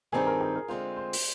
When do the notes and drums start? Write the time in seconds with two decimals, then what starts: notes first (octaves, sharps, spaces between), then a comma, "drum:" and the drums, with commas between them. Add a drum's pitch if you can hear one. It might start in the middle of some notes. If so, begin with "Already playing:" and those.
0.12 G2 D#3 G3 C4 D#4 G#4
0.27 A#4
0.41 G#4
0.55 A#4
0.68 D3 G#3 C4 F4 C5
0.97 C5
1.13 drum: open hi-hat